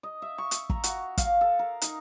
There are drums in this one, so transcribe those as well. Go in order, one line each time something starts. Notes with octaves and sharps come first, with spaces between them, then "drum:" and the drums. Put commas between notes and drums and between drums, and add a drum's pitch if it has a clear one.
D#5
E5
C#6
drum: hi-hat
A#5, drum: kick
F#4, drum: hi-hat
F5, drum: kick, hi-hat
A4
A#4
D#4, drum: hi-hat